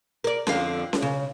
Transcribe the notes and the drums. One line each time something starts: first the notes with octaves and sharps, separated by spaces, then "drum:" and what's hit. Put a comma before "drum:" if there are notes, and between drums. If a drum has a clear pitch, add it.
A#4 D5
F2 D3 F5, drum: snare C#4
drum: snare C#4
C#3